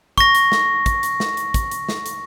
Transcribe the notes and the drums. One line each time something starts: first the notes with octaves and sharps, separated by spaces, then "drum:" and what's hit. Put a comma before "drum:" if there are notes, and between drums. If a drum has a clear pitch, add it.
C#6 A#6, drum: kick, hi-hat
drum: hi-hat
drum: snare
drum: kick, hi-hat
drum: hi-hat
drum: snare
drum: hi-hat
drum: kick, hi-hat
drum: hi-hat
drum: snare
drum: hi-hat